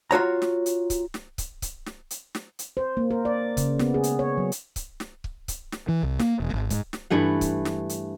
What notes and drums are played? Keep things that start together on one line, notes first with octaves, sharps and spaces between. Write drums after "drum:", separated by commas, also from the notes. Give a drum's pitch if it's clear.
F4 F#4 C#5 A#5
drum: snare
drum: hi-hat
drum: kick C#1, hi-hat
drum: snare
drum: kick C#1, hi-hat
drum: kick C#1, hi-hat
drum: snare
drum: hi-hat
drum: snare
drum: hi-hat
C5
A#3
A#4
D5
C#3, drum: kick C#1, hi-hat
B3, drum: snare
G#4
drum: hi-hat
C#5
F#3
drum: hi-hat
drum: kick C#1, hi-hat
drum: snare
drum: kick C#1
drum: kick C#1, hi-hat
drum: snare
E3
C2
A#3, drum: snare
E1
G#1
G#2, drum: kick C#1, hi-hat
drum: snare
G2 E3 A3 F#5
drum: kick C#1, hi-hat
drum: snare
drum: hi-hat